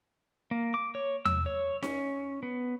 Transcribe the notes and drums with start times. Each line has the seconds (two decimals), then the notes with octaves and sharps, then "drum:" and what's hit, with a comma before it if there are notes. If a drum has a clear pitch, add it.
0.51 A#3
0.74 D6
0.95 C#5
1.25 E6, drum: tom E2
1.46 C#5
1.83 C#4, drum: snare D#4
2.43 B3